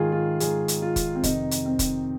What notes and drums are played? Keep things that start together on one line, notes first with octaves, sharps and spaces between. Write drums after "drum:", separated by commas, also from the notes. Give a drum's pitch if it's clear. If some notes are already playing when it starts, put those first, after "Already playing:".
Already playing: G#2 D#3 F4 G#4
F4
G#2 D#3 G#4, drum: hi-hat
drum: hi-hat
F4
drum: kick, hi-hat
C4
F2 C3 D#3 D#4, drum: kick, hi-hat
drum: hi-hat
C4
drum: kick, hi-hat